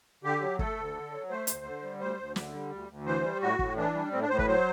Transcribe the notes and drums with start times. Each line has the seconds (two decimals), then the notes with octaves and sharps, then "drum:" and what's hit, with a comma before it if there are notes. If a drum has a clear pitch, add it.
0.24 D3 G4
0.41 F#3
0.59 A3 A4, drum: kick
0.77 D2
0.95 D3
1.12 F#3
1.29 A3 C5
1.47 D2, drum: hi-hat
1.65 D3
1.82 G3
2.00 D2 C5
2.18 D2
2.36 D3, drum: snare
2.53 G3
2.71 D2
2.89 D2
3.06 E3 C5
3.23 G3
3.42 A2 F#4
3.59 A2, drum: kick
3.76 E3 D4
3.94 G3
4.12 A2 C4
4.21 D4
4.29 A2 C5
4.39 B4, drum: kick
4.47 F#3 C5